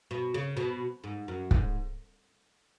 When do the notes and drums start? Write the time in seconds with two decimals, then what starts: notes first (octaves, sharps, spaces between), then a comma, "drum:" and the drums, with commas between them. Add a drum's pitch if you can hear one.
0.11 B2
0.34 C#3
0.57 B2
1.04 G#2
1.28 F#2
1.51 G#2, drum: kick